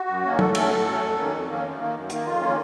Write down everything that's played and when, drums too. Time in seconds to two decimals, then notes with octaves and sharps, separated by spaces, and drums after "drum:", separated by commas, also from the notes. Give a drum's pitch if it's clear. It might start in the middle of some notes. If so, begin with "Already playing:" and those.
Already playing: F#4
0.09 F#2
0.25 D#3 A#3 C#4
0.39 A2 A4, drum: tom
0.55 F#3 A3 C#4 A4, drum: cymbal
0.70 A2
0.86 F#3 A3 C#4
1.01 F2
1.17 D#3 A#3 C#4
1.33 F2
1.49 D#3 A#3 C#4
1.64 F#2
1.80 D#3 A#3
1.95 F#2
2.10 D#3 A#3, drum: hi-hat
2.26 F2 F4
2.41 D#3 A#3 C#4